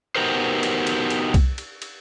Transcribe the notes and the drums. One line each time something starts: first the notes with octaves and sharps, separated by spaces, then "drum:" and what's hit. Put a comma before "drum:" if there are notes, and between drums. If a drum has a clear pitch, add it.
B3 D#4 F#4 G4 A#4 C5
drum: cymbal
drum: cymbal
drum: cymbal
drum: kick C2, cymbal
drum: cymbal
drum: cymbal